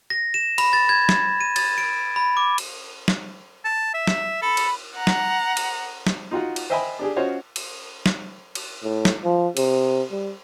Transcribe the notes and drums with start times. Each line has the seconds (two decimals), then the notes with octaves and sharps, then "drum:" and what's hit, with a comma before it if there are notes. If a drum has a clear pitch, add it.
0.10 A#6
0.34 E7
0.58 B5, drum: cymbal
0.73 A6
0.89 G#6
1.09 drum: snare
1.41 D#7
1.56 A6, drum: cymbal
1.78 D7
2.16 B5
2.37 D6
2.58 drum: cymbal
3.08 drum: snare
3.65 A5
3.94 E5
4.07 drum: snare
4.42 A4 B5
4.57 drum: cymbal
4.95 F#5 A#5
5.07 drum: snare
5.57 drum: cymbal
6.07 drum: snare
6.31 D#4 F4 F#4 F#5
6.56 drum: cymbal
6.70 C5 D#5 E5 G5 G#5 B5
6.99 D4 G4 G#4
7.16 C#4 F4 F#4 C5 C#5 D#5
7.56 drum: cymbal
8.06 drum: snare
8.55 drum: cymbal
8.84 A2
9.05 drum: snare
9.24 F3
9.57 C3, drum: cymbal
10.11 G3